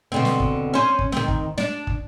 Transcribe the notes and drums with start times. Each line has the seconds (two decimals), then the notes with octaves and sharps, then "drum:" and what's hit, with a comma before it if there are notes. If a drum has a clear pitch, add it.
0.12 B2 D3 C4
0.25 drum: snare
0.40 drum: kick
0.74 C#4 C5
0.99 drum: kick
1.12 D#3 C4, drum: snare
1.28 drum: kick
1.58 D4, drum: snare
1.87 drum: kick